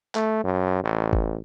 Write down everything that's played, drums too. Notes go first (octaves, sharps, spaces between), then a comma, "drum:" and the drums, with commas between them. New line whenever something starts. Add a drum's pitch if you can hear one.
A3, drum: clap
F#2
A1
drum: kick F#1